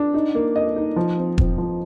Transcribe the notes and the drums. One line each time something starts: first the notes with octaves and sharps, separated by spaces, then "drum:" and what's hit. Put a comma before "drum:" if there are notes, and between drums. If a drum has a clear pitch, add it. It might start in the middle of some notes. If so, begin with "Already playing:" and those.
Already playing: D4
D#4
A#3
D#5
D#4
F3
C4
C4, drum: kick E1
F3